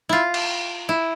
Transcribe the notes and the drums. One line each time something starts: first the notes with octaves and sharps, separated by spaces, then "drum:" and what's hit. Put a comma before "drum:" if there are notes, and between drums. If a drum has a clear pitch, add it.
E4 F4
drum: cymbal
E4